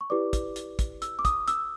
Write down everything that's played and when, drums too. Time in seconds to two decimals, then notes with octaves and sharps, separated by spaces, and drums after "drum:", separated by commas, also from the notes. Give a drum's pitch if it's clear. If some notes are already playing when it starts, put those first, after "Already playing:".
0.01 C#6
0.10 E4 G4 B4 D5 D6
0.33 drum: kick, hi-hat
0.56 drum: hi-hat
0.79 drum: kick, hi-hat
1.02 E6, drum: hi-hat
1.19 D6
1.25 D#6, drum: kick, hi-hat
1.48 E6, drum: hi-hat